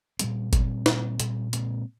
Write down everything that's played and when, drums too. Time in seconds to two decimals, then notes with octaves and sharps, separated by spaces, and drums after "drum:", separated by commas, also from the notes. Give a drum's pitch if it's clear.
0.19 A#2 G3 C4, drum: hi-hat
0.53 A#2 G3 C4, drum: kick G1, hi-hat
0.86 A#2 G3 C4, drum: snare
1.20 A#2 G3 C4, drum: hi-hat
1.53 A#2 G#3 C4, drum: hi-hat